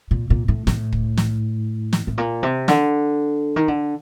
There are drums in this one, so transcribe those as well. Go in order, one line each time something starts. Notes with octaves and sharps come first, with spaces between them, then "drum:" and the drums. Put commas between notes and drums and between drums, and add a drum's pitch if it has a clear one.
A#2
A#2
A2
A2, drum: snare
drum: kick
drum: snare
drum: snare
A2
A#2
C3
D3, drum: snare
D#3
D3